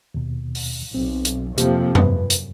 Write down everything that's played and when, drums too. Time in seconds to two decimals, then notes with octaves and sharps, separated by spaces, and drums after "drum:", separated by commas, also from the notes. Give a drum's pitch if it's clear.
0.14 D#2 B2
0.55 drum: open hi-hat
0.94 B1 C4
1.25 drum: hi-hat
1.58 F2 C3 F3 A#3 G4, drum: hi-hat
1.95 F#2 B4, drum: tom F2
2.30 drum: hi-hat